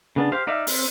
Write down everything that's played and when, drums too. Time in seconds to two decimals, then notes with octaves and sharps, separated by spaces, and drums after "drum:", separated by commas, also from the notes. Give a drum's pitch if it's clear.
0.16 C#3 B3 D4
0.32 G4 C5 F5
0.47 D#4 D5 E5 F5
0.67 C4, drum: open hi-hat